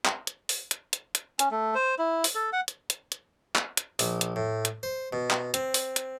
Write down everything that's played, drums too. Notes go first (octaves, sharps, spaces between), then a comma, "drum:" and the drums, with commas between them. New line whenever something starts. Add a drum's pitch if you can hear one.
drum: clap
drum: hi-hat
drum: open hi-hat
drum: hi-hat
drum: hi-hat
drum: hi-hat
C#4, drum: hi-hat
A3
C5
E4
drum: open hi-hat
A4
F#5
drum: hi-hat
drum: hi-hat
drum: hi-hat
drum: clap
drum: hi-hat
A#1, drum: open hi-hat
drum: hi-hat
A2
drum: hi-hat
C5
B2
drum: clap
C4, drum: hi-hat
drum: open hi-hat
drum: hi-hat